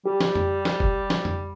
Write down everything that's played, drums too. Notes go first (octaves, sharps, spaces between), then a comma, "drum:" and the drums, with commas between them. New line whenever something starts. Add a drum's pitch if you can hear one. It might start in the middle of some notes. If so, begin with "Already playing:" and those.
G3 G4
drum: snare
drum: tom F2
drum: snare
drum: kick F1
drum: snare
drum: tom F2